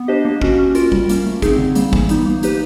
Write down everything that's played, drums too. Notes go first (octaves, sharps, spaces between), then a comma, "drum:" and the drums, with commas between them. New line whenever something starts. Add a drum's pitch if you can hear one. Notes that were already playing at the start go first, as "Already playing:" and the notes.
Already playing: B3
D4 G4 C5 D#5
A#3
C#4 F#4, drum: kick
C#4
F4 A#4, drum: hi-hat
G3, drum: kick
A#3 C#4, drum: hi-hat
A3
C4 D#4 G#4, drum: kick, hi-hat
D3
G3 A#3, drum: hi-hat
E3, drum: kick
G3 B3 D#4, drum: hi-hat
A#3
D#4 G4 B4, drum: hi-hat